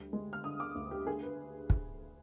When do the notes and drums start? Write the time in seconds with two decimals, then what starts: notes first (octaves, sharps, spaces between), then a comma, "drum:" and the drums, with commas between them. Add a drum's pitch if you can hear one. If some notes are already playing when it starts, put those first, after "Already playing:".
Already playing: D2 G3
0.13 G#3
0.33 F6
0.44 D3 D#6
0.60 D6
0.75 D2
0.91 G4
1.07 D3 G#4
1.23 B4
1.70 drum: kick